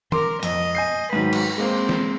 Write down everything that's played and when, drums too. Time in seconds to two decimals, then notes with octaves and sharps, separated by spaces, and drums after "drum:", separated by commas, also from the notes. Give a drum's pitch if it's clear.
0.12 A#4 C6 D6, drum: tom
0.43 F2 D#5, drum: hi-hat
0.75 G#5 G6 C7
1.13 G#2 D#3 F#3 B4
1.33 drum: cymbal
1.58 G#3 A#3 C4 C5
1.89 drum: snare